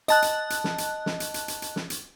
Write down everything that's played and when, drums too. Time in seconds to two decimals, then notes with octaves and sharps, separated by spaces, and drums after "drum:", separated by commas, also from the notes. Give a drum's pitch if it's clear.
0.08 D#5 A5 F#6, drum: hi-hat
0.22 drum: hi-hat
0.50 drum: hi-hat
0.64 drum: snare
0.78 drum: hi-hat
1.06 drum: snare
1.20 drum: hi-hat
1.34 drum: hi-hat
1.48 drum: hi-hat
1.62 drum: hi-hat
1.76 drum: snare
1.90 drum: hi-hat